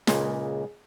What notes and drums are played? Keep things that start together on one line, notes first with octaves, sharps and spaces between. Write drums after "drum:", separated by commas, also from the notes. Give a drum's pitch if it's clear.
C#2 A#2 G#4, drum: snare